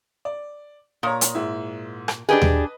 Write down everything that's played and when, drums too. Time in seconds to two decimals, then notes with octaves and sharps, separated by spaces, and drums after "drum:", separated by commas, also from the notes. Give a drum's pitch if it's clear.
0.25 D5
1.03 A#2 C#5 A#5 D#6
1.21 drum: hi-hat
1.34 G#2 E4
2.08 drum: rim click
2.29 D4 G4 G#4 B4 D#5
2.42 drum: tom D#2